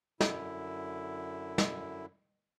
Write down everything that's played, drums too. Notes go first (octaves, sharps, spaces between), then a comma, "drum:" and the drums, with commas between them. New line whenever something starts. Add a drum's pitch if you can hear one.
F#2 D3 E4, drum: snare
drum: snare